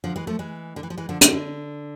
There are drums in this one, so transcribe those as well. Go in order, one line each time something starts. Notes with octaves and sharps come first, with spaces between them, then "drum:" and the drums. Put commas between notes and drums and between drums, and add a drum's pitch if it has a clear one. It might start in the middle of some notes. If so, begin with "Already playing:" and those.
D3 F3
E3 G#3
F3 A3
E3 G#3
D3
E3
F3
E3 G#3
D3 F3
drum: hi-hat
D3